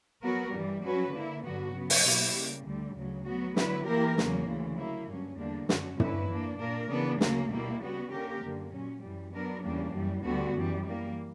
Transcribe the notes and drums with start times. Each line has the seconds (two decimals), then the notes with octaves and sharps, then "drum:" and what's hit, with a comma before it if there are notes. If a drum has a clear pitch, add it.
0.23 F#3 B3 F#4 A#4
0.53 G2 E3 G3
0.83 F#3 C#4 F#4 B4
1.14 D3 A#3 E4
1.44 G2 D3 F#3 B3 F#4
1.75 C#3 F#3 B3
1.90 drum: open hi-hat
2.05 B2 F#3 A#3 E4 G4
2.35 C#3 G3 A#3
2.66 D2 D3 G3
2.96 D2 C#3 F#3
3.26 F#3 B3 F#4
3.56 D3 F#3 B3 E4 B4, drum: snare
3.87 E3 A#3 E4 G4 A#4
4.18 E2 C#3 F#3 A#3, drum: snare
4.48 D2 C#3 E3
4.78 F#3 A#3 E4
5.09 G2 F#3 C#4
5.39 E2 D3 G3 A#3 D4
5.69 F#2 D3 F#3 C#4 F#4, drum: snare
6.00 D3 A#3 C#4 E4 B4, drum: tom
6.30 E3 A#3 D4
6.60 A#2 A#3 D4 A#4
6.90 C#3 E3 B3 D4
7.21 D2 C#3 F#3 A#3 C#4, drum: snare
7.51 B2 G3 A#3 E4
7.81 C#3 G3 B3 F#4
8.12 D3 A#3 C#4 G4 A#4
8.42 F#2 D3 A#3
8.73 A#2 F#3 C#4
9.03 F#2 E3 G3
9.33 F#3 B3 D4 A#4
9.64 E2 C#3 G3 A#3 D4
9.94 F#2 E3 G3
10.24 D2 D3 G3 B3 F#4
10.55 F#2 E3 G3
10.85 E3 G3 A#3